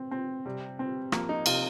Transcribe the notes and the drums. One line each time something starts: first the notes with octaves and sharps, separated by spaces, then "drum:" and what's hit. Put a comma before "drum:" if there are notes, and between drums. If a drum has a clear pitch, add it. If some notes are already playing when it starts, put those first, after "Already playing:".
Already playing: C4
C4
C3 G3
C4
F3 A#3, drum: rim click
D#4
C3 F4, drum: cymbal